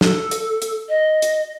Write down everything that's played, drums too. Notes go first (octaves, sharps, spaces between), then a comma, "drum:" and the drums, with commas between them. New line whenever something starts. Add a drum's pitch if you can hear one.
A4, drum: snare
drum: hi-hat
drum: hi-hat
D#5
drum: hi-hat